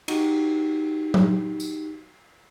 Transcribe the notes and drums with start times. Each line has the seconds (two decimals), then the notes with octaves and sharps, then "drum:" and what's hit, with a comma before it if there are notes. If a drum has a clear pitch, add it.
0.08 D#4 F#4 G4, drum: cymbal
1.14 drum: tom F#3
1.60 drum: tambourine